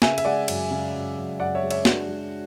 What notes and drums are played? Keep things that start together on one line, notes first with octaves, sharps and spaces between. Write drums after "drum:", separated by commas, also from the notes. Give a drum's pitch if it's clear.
C#3 E5 G#5, drum: snare
E5, drum: cymbal
G#3 D5 F#5
F#2, drum: cymbal
C#3
F#2
F#2
F#2 D5 F#5
C#5 E5
G#3
C#5 E5, drum: cymbal
G#3 D4 F#4, drum: snare
G#3